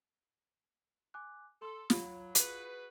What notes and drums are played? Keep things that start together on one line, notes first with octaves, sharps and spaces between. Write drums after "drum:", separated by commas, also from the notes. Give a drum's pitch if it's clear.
G#5 D6 F#6
A4 C6
F#3 F4 F5 B5, drum: snare
F#4 G#4 B4, drum: hi-hat